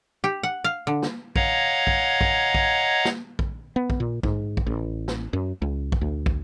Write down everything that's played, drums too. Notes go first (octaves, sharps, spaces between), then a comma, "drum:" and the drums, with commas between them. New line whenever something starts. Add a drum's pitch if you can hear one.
G4
F#5
F5
D3
drum: snare
C#5 D#5 F5 F#5 A#5 G#6, drum: kick
drum: kick
drum: kick
drum: kick
drum: snare
drum: kick
B3
drum: kick
A#2
G#2, drum: kick
drum: kick
A1
drum: snare
F#2
C#2
drum: kick
D2
drum: kick